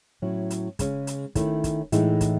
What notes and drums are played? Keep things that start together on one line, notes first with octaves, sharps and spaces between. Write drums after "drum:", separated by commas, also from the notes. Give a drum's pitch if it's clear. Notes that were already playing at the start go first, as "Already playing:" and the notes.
A2 F#3 C#4 E4
drum: hi-hat
C#3 G#3 C#4, drum: kick, hi-hat
drum: hi-hat
D#3 A3 C#4 E4, drum: kick, hi-hat
drum: kick, hi-hat
A2 E3 G#3 D#4, drum: hi-hat
drum: kick, hi-hat